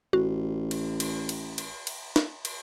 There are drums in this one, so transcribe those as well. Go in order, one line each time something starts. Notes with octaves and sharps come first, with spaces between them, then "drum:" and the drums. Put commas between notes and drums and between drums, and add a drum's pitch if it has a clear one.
A1 F#4
drum: cymbal
drum: cymbal
drum: cymbal
drum: cymbal
drum: cymbal
drum: snare
drum: cymbal